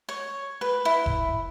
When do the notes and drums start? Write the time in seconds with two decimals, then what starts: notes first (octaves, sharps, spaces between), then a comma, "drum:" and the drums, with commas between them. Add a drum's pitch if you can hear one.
0.09 C#5
0.61 B4
0.85 E4
1.06 drum: kick F1